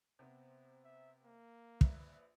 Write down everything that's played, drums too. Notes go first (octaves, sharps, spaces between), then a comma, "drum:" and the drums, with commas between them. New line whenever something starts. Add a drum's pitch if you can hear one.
C3 B3 C4
E5
A#3
A#1 B4 E5, drum: kick